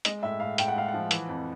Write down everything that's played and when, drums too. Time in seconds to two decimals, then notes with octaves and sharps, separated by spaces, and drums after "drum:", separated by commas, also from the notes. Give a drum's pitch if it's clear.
0.05 G#3 D#5, drum: hi-hat
0.23 A2 E5
0.40 A2 F5
0.58 A2 G5, drum: hi-hat
0.68 F#5
0.76 G#3 F5
0.88 F#5
0.94 F3
1.11 E3, drum: hi-hat
1.28 F2